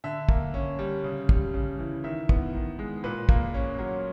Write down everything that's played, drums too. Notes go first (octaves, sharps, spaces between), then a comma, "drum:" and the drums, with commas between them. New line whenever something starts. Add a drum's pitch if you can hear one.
D3 E5
A#3, drum: kick
C#4
G3
C#3
G3, drum: kick
C#3
E3
D#3 E5
B3, drum: kick
D#3
G#3
A#2 B4
A#3, drum: kick
C#4
F#3